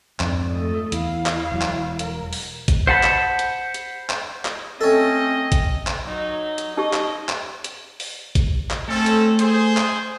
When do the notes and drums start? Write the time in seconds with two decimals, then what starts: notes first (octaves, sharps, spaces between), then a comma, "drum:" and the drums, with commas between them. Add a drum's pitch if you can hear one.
0.20 F2 G#2 D4, drum: clap
0.52 A3 D#5
0.92 E2 E4 F5, drum: hi-hat
1.26 drum: clap
1.52 E1 F#3
1.62 drum: clap
1.99 A#4, drum: hi-hat
2.33 drum: open hi-hat
2.68 drum: kick A1, hi-hat
2.87 C5 F#5 A5 B5
3.03 drum: clap
3.39 drum: hi-hat
3.74 drum: hi-hat
4.10 drum: clap
4.45 drum: clap
4.81 A3 C4 C#4 A4 C#5 D#5
5.52 drum: kick A1, hi-hat
5.87 drum: clap
6.06 F#3 D#4
6.58 drum: hi-hat
6.77 D#4 G4 D#5 C#6
6.94 drum: clap
7.29 drum: clap
7.64 drum: hi-hat
8.00 drum: open hi-hat
8.35 drum: kick A1, hi-hat
8.71 drum: clap
8.88 A3 C4 C#4 A4
9.06 drum: hi-hat
9.39 G#4 C5, drum: hi-hat
9.77 drum: clap